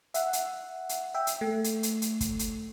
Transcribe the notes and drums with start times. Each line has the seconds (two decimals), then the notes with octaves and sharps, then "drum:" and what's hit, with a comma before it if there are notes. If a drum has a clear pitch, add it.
0.14 E5 F#5, drum: hi-hat
0.33 drum: hi-hat
0.89 drum: hi-hat
1.14 E5 G5
1.27 drum: hi-hat
1.41 A3
1.64 drum: hi-hat
1.83 drum: hi-hat
2.02 drum: hi-hat
2.21 drum: kick, hi-hat
2.39 drum: hi-hat